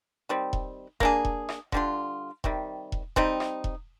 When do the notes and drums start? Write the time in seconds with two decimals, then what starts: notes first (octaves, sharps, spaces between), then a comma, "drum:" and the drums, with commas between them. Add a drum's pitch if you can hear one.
0.29 D#3 G3 C4
0.53 drum: kick E1
1.00 A#3 D4 G#4, drum: kick E1
1.25 drum: kick E1
1.49 drum: rim click
1.72 D3 G3 D4 F4, drum: kick E1
2.44 C3 D#3 G3, drum: kick E1
2.92 drum: kick E1
3.16 G3 C4 D#4, drum: kick E1
3.40 drum: rim click
3.64 drum: kick E1